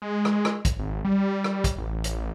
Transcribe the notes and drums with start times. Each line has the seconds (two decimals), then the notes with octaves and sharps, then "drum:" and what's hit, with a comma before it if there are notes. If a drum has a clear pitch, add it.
0.02 G#3
0.25 drum: rim click
0.45 drum: rim click
0.65 drum: kick, hi-hat
0.79 G#1
1.05 G3
1.44 drum: rim click
1.64 drum: kick, hi-hat
1.78 A1
2.04 drum: hi-hat